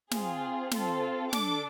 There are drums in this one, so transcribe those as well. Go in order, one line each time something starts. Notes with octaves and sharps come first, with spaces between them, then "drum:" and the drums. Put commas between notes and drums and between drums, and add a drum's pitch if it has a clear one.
C4 F4 G#4, drum: snare
C4 F4 A4, drum: snare
D4 A4 D6, drum: snare